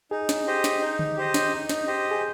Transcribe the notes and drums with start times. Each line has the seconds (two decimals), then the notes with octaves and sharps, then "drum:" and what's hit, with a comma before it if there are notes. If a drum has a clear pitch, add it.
0.11 D#4 G#4
0.29 drum: snare
0.46 G4 C5 D#5
0.64 drum: snare
0.81 D#4
0.99 drum: tom D3
1.17 G4 C5 D#5
1.34 drum: snare
1.52 D#4
1.69 drum: snare
1.87 G4 C5 D#5
2.11 G#4